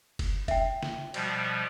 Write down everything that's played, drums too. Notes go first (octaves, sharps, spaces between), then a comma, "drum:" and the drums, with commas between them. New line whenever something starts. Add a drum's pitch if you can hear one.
drum: kick F#1, cymbal
E5 G5, drum: kick F#1, cymbal
drum: snare
B2 F3 G3, drum: cymbal